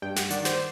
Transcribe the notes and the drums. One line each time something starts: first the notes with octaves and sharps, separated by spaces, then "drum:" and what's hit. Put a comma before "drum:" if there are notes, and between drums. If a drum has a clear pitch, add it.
G2 G5
F#5, drum: snare
D#3 D5, drum: hi-hat
C5, drum: snare